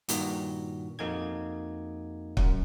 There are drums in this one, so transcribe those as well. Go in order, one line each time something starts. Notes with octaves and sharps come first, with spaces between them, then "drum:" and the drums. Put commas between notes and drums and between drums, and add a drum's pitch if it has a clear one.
G2 A#2 D#3 F#4, drum: hi-hat
F2 A#3 D#4 F#4 G#4 G#6
F#2, drum: kick